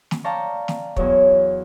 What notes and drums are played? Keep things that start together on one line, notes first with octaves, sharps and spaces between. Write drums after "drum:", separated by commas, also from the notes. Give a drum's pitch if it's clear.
drum: snare
D5 F5 G5 A5 A#5 C#6
drum: snare
E2 F#3 C#5, drum: kick